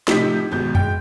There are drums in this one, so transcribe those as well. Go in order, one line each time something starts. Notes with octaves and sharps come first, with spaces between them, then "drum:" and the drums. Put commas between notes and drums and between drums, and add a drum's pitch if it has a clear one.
A2 C3 F3 D#4 G4 B6, drum: snare
G#1 G#2 B2 G6
G#3 G5, drum: tom F2